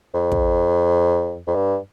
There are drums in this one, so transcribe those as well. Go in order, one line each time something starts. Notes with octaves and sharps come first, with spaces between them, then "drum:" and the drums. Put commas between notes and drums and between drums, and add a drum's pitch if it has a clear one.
F2
drum: kick
F2
G2